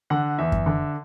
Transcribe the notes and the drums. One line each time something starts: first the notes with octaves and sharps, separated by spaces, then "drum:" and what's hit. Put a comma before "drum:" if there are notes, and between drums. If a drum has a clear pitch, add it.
D3 F#5
E2 E5
drum: kick F#2
D3